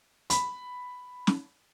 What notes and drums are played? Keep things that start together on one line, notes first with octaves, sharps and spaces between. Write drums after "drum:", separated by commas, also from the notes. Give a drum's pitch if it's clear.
B5, drum: hi-hat
drum: snare